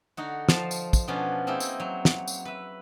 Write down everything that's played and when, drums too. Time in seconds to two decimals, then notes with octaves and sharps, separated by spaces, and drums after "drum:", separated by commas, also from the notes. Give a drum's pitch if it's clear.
0.17 D3 D#4 F#4
0.49 F3 F5 A5, drum: snare
0.71 drum: tambourine
0.93 drum: kick, tambourine
1.08 B2 F3 B3 C#4 D4
1.47 A#3 C4 D#4 E4 G#4
1.60 drum: tambourine
1.80 F#3
2.05 drum: snare
2.28 drum: tambourine
2.45 B4 E5